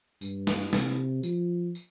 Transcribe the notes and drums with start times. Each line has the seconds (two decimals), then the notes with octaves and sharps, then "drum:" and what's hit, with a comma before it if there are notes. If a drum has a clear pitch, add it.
0.21 G2, drum: tambourine
0.47 drum: snare
0.73 C3, drum: snare
1.23 F3, drum: tambourine
1.75 drum: tambourine